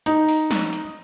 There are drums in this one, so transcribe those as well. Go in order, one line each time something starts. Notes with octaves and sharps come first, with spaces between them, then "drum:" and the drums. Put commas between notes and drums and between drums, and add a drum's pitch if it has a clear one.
D#4, drum: hi-hat
drum: open hi-hat
drum: snare
drum: hi-hat